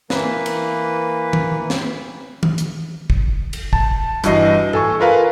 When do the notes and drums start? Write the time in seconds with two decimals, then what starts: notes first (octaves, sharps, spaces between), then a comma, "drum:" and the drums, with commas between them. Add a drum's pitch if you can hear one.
0.10 E3 A#3 B4, drum: snare
0.46 drum: cymbal
1.33 drum: tom
1.70 drum: snare
2.43 drum: tom
2.58 drum: hi-hat
3.10 drum: kick
3.53 drum: cymbal
3.73 A5, drum: kick
4.24 G2 E3 F#4 D#5 C7, drum: hi-hat
4.73 A4 G#5 C#6, drum: tom
5.00 F4 A#4 B4 F5